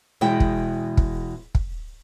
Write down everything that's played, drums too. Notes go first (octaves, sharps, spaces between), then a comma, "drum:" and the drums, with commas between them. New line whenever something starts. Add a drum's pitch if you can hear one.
E2 B2 G#3 E4 G5
drum: kick
drum: kick
drum: kick